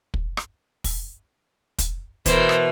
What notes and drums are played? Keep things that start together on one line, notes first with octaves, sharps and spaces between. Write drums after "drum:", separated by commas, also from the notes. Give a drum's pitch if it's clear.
drum: kick
drum: rim click
drum: kick, open hi-hat
drum: kick, hi-hat
B2 E3 A#4 C5, drum: kick, hi-hat
drum: rim click